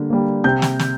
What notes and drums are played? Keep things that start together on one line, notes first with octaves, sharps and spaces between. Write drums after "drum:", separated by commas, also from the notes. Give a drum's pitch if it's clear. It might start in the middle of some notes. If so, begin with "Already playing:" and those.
Already playing: D3 G3 A#3
G3 A#3
C3 G6
drum: snare
drum: snare